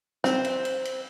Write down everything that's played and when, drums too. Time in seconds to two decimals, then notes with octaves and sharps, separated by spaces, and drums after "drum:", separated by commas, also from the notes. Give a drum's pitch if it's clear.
0.24 C4, drum: snare
0.44 drum: cymbal
0.65 drum: cymbal
0.85 drum: cymbal